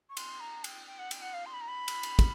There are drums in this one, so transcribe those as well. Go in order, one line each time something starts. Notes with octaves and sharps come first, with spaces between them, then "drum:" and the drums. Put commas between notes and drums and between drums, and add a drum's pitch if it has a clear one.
C#6
C6, drum: cymbal
A#5
G5, drum: cymbal
G5
F#5
G5, drum: cymbal
F#5
F5
C6
B5
A#5
B5
drum: cymbal
drum: cymbal
drum: kick, cymbal